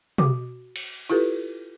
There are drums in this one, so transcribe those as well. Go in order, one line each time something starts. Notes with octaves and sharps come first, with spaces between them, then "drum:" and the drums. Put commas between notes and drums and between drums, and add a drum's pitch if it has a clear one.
F#4 D6, drum: tom
drum: cymbal
E4 F4 G4 A4 B4